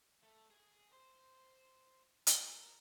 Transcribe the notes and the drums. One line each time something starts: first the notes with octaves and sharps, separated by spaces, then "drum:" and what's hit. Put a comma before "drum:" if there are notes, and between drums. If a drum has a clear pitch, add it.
A3
G#4 G#5
C5
A#4 A5, drum: hi-hat